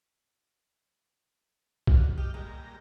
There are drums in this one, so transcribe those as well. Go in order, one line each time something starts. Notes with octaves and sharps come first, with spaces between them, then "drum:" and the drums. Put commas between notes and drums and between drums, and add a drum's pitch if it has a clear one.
D3 F#4 F5, drum: kick
G4 D#5 G5 F6
A#2 G3 G#3 A#5